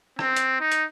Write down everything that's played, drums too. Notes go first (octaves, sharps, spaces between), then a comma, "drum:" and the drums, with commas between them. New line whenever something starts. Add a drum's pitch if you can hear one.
C4, drum: rim click
drum: hi-hat
D#4
drum: hi-hat